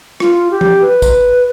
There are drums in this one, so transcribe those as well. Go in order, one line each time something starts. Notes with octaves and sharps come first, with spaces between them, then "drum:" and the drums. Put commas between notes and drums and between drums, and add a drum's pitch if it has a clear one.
F4, drum: rim click
G4
drum: tom F3
B4
drum: kick, tambourine